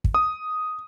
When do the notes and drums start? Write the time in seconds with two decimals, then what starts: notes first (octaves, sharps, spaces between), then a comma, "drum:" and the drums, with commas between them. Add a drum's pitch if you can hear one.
0.04 drum: kick
0.14 D#6